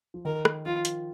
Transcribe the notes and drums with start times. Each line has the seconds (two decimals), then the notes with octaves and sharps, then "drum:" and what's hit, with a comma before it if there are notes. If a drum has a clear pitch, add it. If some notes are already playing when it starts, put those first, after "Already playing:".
0.14 F3
0.25 D#3 A#4
0.45 drum: rim click
0.65 F3 F4
0.85 drum: hi-hat